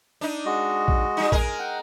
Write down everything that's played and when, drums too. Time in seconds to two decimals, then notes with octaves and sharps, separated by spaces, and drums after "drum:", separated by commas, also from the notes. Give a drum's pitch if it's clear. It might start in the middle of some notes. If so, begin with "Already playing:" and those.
0.21 D4 D#4
0.46 G#3 F#4 D#5
0.88 drum: kick
1.17 G3 D#4
1.32 G#3 A#4 G#5, drum: kick
1.59 F#5 G5